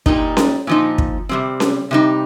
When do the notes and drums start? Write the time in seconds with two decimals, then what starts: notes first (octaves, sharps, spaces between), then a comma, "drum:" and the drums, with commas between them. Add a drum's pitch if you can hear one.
0.06 A#2 G3 D#4, drum: kick
0.37 drum: snare C#4
0.67 A#2 F3 D#4
0.98 drum: kick
1.29 C3 G3 C4
1.60 drum: snare C#4
1.91 C3 G3 D#4